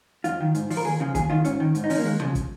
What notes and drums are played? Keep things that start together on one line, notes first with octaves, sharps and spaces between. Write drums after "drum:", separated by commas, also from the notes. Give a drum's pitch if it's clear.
F2 F4, drum: hi-hat
D#3
G#2, drum: hi-hat
F3, drum: open hi-hat
A#4
D#2 G#4
C#3 F3
D#2 G#4, drum: kick, hi-hat
D#3 F4
G#2 C#4, drum: hi-hat
D#3
G#2, drum: hi-hat
D#4
F3 C#4, drum: open hi-hat
A#3
D#2 G#3
C#3 F3, drum: tom
drum: kick, hi-hat